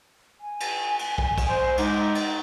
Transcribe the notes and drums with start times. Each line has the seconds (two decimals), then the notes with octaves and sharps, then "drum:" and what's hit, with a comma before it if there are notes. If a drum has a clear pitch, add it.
0.41 G#5
0.60 drum: cymbal
0.99 drum: cymbal
1.18 drum: kick
1.38 drum: kick, cymbal
1.49 C5
1.77 G#3 D#4 G4, drum: cymbal
2.15 drum: cymbal